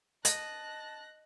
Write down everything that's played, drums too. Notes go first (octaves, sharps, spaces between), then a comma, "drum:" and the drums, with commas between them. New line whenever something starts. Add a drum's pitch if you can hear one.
D#5 A5 F#6 A#6, drum: hi-hat